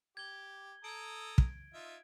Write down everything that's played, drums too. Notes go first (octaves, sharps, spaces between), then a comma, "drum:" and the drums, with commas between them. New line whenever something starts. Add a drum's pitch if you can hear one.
G4 G#6 G7
A4 A#5 D#6 G#6 D7
drum: kick
D#4 F4 E5